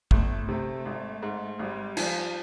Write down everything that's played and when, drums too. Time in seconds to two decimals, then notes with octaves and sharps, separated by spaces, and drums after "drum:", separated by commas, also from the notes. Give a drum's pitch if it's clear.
0.11 G1 A3, drum: kick
0.48 C3 A3
0.86 G#1
1.22 G#2
1.59 G#1 G3
1.97 F3, drum: cymbal